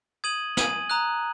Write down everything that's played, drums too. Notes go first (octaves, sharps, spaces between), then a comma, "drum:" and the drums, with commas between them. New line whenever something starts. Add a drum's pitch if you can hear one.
D#6 G#6 D#7 F#7
G#5 D#6 G#6 D#7 F#7, drum: snare
A#5 D#6 F#6